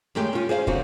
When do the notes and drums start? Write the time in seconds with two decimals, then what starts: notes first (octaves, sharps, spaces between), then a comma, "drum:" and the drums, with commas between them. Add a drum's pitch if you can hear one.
0.15 F#2 D#3 G#3 A3 G4 G5
0.33 C#4 F4
0.49 G#4 C5 E5 F5
0.67 F#2 D3 C4 F#4, drum: kick